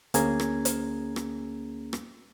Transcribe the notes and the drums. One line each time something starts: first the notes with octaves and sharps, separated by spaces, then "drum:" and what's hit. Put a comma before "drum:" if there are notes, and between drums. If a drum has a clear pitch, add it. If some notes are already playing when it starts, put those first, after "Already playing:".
D2 A#3 C#4 G#4 A#5 G#6, drum: hi-hat
drum: rim click
drum: hi-hat
drum: rim click
drum: rim click